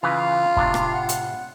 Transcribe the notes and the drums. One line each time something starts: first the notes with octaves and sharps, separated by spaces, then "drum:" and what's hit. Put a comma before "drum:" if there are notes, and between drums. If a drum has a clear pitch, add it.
C#3 E3 F4 B4 F5
A2 C3 D4, drum: kick
drum: rim click
F#5
drum: hi-hat